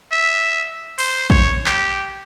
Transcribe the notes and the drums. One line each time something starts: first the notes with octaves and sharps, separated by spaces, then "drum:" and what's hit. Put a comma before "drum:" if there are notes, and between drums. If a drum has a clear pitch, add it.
E5
C5, drum: cymbal
C#5, drum: kick A#1
G4, drum: clap